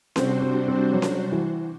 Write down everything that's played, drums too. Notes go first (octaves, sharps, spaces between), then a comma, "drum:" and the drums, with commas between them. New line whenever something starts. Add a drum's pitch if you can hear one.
C3 G3 C4 D4 F#4 C5, drum: snare C#4
C4
C4
F#3
drum: snare C#4
E3